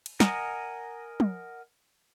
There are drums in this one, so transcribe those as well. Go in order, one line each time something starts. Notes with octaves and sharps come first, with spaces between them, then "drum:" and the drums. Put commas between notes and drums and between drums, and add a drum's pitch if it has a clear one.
drum: cymbal
A#4 D#5 F#5 G#5 A#5, drum: snare
drum: tom